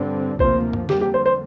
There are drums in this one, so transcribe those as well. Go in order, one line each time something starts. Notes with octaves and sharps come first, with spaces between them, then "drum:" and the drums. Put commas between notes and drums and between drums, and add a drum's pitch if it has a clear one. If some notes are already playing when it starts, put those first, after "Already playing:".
Already playing: G2 D3 G3 C4
D2 C3 F3 A#3 C5, drum: kick A#1
drum: tom G2
F2 D3 G3 A#3 G4, drum: snare
G4
C5
C5